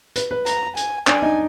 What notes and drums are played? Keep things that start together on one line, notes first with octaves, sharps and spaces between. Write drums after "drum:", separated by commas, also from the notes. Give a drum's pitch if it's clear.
B4, drum: hi-hat
B4
A#5, drum: hi-hat
G#5, drum: hi-hat
D4 D5 G#5, drum: clap
D#4 D#5